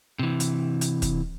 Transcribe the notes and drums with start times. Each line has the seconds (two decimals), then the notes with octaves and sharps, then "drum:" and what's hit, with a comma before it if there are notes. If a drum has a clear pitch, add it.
0.19 C3 E3
0.40 drum: hi-hat
0.81 drum: hi-hat
1.02 drum: kick, hi-hat